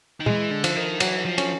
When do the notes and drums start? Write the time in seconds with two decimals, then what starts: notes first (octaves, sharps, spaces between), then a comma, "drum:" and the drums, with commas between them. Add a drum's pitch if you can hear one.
0.20 D#3
0.26 E3 G#3, drum: tom A#2
0.51 D3
0.64 F3, drum: cymbal
0.76 D#3
1.00 E3 F#3, drum: cymbal
1.26 F3
1.38 C#4, drum: cymbal